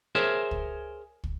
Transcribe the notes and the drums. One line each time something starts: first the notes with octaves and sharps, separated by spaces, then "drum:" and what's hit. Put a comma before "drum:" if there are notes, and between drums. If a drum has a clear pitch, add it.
G#4 A#4 C5 C#5 E5
drum: kick
drum: kick